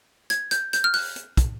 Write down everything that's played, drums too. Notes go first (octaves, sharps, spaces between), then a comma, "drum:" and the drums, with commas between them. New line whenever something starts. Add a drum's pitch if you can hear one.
G#6, drum: hi-hat
G6, drum: hi-hat
G6, drum: hi-hat
F6
F#6, drum: open hi-hat
drum: hi-hat
drum: kick, hi-hat